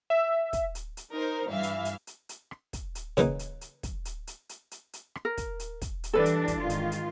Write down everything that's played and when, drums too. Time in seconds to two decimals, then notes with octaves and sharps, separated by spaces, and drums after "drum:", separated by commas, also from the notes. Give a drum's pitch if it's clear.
0.10 E5
0.53 drum: kick, hi-hat
0.75 drum: hi-hat
0.97 drum: hi-hat
1.15 D#4 A#4 C5
1.48 G2 E3 E5 F5
1.63 drum: hi-hat
1.85 drum: hi-hat
2.07 drum: hi-hat
2.29 drum: hi-hat
2.51 drum: rim click
2.73 drum: kick, hi-hat
2.95 drum: hi-hat
3.17 C#3 E3 A#3 D#4, drum: kick, hi-hat
3.39 drum: hi-hat
3.61 drum: hi-hat
3.83 drum: kick, hi-hat
4.05 drum: hi-hat
4.27 drum: hi-hat
4.49 drum: hi-hat
4.71 drum: hi-hat
4.93 drum: hi-hat
5.15 drum: rim click
5.25 A#4
5.37 drum: kick, hi-hat
5.60 drum: hi-hat
5.82 drum: kick, hi-hat
6.04 drum: hi-hat
6.13 E3 G3 D4 A4 B4
6.26 drum: hi-hat
6.48 drum: kick, hi-hat
6.59 G#2 D#3 F4
6.70 drum: hi-hat
6.92 drum: hi-hat